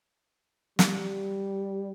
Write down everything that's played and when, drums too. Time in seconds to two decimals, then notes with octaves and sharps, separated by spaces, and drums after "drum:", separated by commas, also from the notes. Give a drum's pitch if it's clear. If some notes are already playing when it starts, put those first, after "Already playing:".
0.79 G3, drum: snare